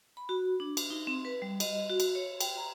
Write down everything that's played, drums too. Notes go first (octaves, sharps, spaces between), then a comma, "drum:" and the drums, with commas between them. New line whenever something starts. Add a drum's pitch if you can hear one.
B5
F#4
D4
drum: cymbal
D#4
C4
B4
G3
D#5, drum: cymbal
F#4
drum: cymbal
C#5
G5, drum: cymbal
A#5